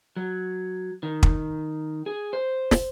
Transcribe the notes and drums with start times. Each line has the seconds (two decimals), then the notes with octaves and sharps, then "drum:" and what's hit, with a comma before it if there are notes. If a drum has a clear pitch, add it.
0.16 F#3
1.03 D#3
1.23 drum: kick
2.06 G#4
2.33 C5
2.71 drum: snare